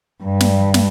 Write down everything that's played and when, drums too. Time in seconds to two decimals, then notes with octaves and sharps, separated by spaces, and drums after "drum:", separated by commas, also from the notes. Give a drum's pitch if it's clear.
0.24 G2
0.40 drum: snare
0.74 drum: snare